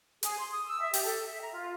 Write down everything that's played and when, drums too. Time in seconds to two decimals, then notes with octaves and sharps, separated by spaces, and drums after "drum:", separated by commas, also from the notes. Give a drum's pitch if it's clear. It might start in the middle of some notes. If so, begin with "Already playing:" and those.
0.23 G#4, drum: hi-hat
0.39 C6
0.51 D#6
0.67 E6
0.81 E5
0.94 G4, drum: open hi-hat
1.05 A4
1.25 E5
1.41 A#5
1.53 F4